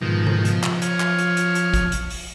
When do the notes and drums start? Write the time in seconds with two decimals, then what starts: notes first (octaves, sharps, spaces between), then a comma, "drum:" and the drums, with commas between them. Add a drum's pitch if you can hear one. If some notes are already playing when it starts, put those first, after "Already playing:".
0.02 G#2 B2 D#3 F3
0.27 drum: tom C#3
0.45 drum: hi-hat
0.63 drum: clap
0.82 C#5 F6, drum: hi-hat
1.00 drum: clap
1.19 drum: hi-hat
1.37 drum: hi-hat
1.55 drum: hi-hat
1.74 drum: kick, hi-hat
1.92 drum: hi-hat
2.10 drum: open hi-hat